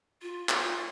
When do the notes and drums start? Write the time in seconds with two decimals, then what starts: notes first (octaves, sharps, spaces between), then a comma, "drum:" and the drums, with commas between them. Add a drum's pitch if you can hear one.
0.22 F4
0.49 drum: clap